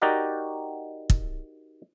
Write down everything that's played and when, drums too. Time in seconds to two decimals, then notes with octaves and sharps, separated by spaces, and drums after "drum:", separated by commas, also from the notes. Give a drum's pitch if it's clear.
0.02 D#4 F#4 G4 A#4 D5 D#5
1.10 drum: kick